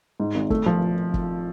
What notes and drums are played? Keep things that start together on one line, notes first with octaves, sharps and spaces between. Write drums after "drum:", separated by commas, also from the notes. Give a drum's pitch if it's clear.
G#2
G#1
A3, drum: kick
F3
drum: kick